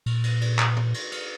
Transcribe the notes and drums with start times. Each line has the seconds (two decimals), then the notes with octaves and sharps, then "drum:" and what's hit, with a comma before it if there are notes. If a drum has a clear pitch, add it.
0.06 A#2, drum: cymbal
0.24 drum: cymbal
0.41 drum: cymbal
0.59 drum: clap
0.76 drum: tom
0.94 drum: cymbal
1.12 drum: cymbal